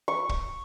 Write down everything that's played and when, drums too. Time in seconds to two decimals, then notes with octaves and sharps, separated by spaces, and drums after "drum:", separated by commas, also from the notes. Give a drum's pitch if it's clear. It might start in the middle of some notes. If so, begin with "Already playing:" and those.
0.08 C#6
0.29 drum: kick